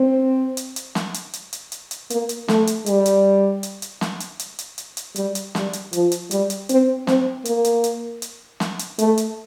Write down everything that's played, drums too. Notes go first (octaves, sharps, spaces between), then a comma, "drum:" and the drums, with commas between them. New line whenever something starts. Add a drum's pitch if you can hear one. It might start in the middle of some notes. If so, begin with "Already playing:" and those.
Already playing: C4
drum: hi-hat
drum: hi-hat
drum: snare
drum: hi-hat
drum: hi-hat
drum: hi-hat
drum: hi-hat
drum: hi-hat
A#3, drum: hi-hat
drum: hi-hat
A3, drum: snare
drum: hi-hat
G3, drum: hi-hat
drum: hi-hat
drum: hi-hat
drum: hi-hat
drum: snare
drum: hi-hat
drum: hi-hat
drum: hi-hat
drum: hi-hat
drum: hi-hat
G3, drum: hi-hat
drum: hi-hat
G3, drum: snare
drum: hi-hat
F3, drum: hi-hat
drum: hi-hat
G3, drum: hi-hat
drum: hi-hat
C4, drum: hi-hat
C4, drum: snare
A#3, drum: hi-hat
drum: hi-hat
drum: hi-hat
drum: hi-hat
drum: snare
drum: hi-hat
A3, drum: hi-hat
drum: hi-hat